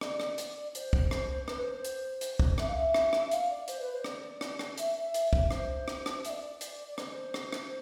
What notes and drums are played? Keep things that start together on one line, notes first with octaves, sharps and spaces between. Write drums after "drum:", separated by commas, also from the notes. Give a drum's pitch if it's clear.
D5, drum: rim click
drum: rim click
drum: hi-hat
C5, drum: hi-hat
drum: kick
drum: rim click
B4, drum: rim click
C5
C5
drum: hi-hat
drum: hi-hat
drum: kick
E5, drum: rim click
F5
E5
drum: rim click
drum: rim click
F5, drum: hi-hat
D5
C5, drum: hi-hat
B4
C5
D5, drum: rim click
drum: rim click
drum: rim click
E5, drum: hi-hat
drum: hi-hat
drum: kick
C5, drum: rim click
drum: rim click
drum: rim click
E5, drum: hi-hat
D5
drum: hi-hat
D5
C5, drum: rim click
drum: rim click
drum: rim click